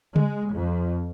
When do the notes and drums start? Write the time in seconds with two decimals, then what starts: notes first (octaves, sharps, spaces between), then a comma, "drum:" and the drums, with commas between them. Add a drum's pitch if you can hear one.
0.16 G#3, drum: tom C#3
0.53 F2